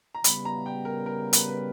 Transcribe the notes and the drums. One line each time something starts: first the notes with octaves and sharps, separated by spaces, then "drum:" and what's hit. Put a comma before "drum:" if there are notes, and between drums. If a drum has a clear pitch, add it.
A#5
C#3 G3 B3 B5, drum: hi-hat
A#5
G5
A#4
A#4
B4, drum: hi-hat
B4